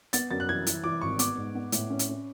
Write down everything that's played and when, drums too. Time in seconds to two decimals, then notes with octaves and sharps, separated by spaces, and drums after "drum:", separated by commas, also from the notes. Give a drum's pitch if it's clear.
0.13 B3 A6, drum: hi-hat
0.31 F#2 A6
0.40 F#6
0.49 E3 G#6
0.67 E3, drum: hi-hat
0.84 E3 D6
1.01 G#1 C#6
1.19 B3 D6, drum: hi-hat
1.38 G#2
1.55 B3
1.72 A2, drum: hi-hat
1.90 C#4
1.99 drum: hi-hat
2.08 C#4